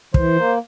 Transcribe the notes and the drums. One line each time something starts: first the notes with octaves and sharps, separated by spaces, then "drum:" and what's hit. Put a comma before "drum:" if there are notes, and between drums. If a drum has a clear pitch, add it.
E3 C5, drum: kick
A#3